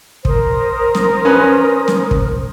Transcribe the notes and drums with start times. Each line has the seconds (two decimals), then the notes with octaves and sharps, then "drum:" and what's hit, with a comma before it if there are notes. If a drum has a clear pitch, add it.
0.25 A#4 C5 D#6, drum: kick
0.95 drum: snare
1.25 C#4 B4
1.88 drum: snare
2.11 drum: kick